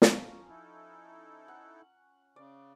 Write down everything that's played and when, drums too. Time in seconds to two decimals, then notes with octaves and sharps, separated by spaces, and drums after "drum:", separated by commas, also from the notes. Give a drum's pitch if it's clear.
0.02 F3 C#4 A#5, drum: snare
0.49 D#4 E4 A4
1.48 F#5
2.36 C#3 D5